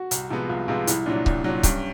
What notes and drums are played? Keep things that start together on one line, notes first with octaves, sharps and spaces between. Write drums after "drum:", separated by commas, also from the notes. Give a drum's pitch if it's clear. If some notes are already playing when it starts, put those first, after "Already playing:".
Already playing: F#4
C2, drum: hi-hat
C3 F3 G#3 B3
C2 F4
C3 F3 G#3 B3 F4
C2 E4, drum: hi-hat
A#2 F#3 D4
C2, drum: kick C#1
A#2 F#3
G2 C#4, drum: kick C#1, hi-hat